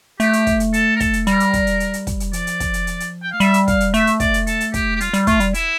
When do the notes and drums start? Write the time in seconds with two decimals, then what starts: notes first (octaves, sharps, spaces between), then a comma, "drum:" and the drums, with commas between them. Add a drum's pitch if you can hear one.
0.20 A3 G4, drum: hi-hat
0.33 drum: hi-hat
0.47 drum: kick, hi-hat
0.60 drum: hi-hat
0.73 A4, drum: hi-hat
0.96 A#4
1.00 A4, drum: kick, hi-hat
1.13 drum: hi-hat
1.27 G3 A#4, drum: hi-hat
1.40 drum: hi-hat
1.53 drum: kick, hi-hat
1.67 drum: hi-hat
1.80 drum: hi-hat
1.93 drum: hi-hat
2.07 drum: kick, hi-hat
2.20 drum: hi-hat
2.33 F3 D5, drum: hi-hat
2.47 drum: hi-hat
2.60 drum: kick, hi-hat
2.74 drum: hi-hat
2.87 drum: hi-hat
3.00 drum: hi-hat
3.23 G5
3.32 A3 F5
3.40 G3 E5, drum: hi-hat
3.54 drum: hi-hat
3.68 F5, drum: kick, hi-hat
3.80 drum: hi-hat
3.94 A3 E5, drum: hi-hat
4.07 drum: hi-hat
4.20 D5, drum: kick, hi-hat
4.34 drum: hi-hat
4.47 A4, drum: hi-hat
4.60 drum: hi-hat
4.74 G4, drum: kick, hi-hat
4.96 G4
5.00 G3 F4, drum: hi-hat
5.13 G3, drum: hi-hat
5.27 A3 F4, drum: kick, hi-hat
5.40 G3, drum: hi-hat
5.54 E4, drum: hi-hat